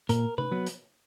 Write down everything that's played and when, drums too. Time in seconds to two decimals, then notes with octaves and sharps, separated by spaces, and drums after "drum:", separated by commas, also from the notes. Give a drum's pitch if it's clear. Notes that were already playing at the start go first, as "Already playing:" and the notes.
0.09 A#2 A#4, drum: hi-hat
0.38 B4, drum: tom C3
0.52 F#3 B3
0.66 drum: hi-hat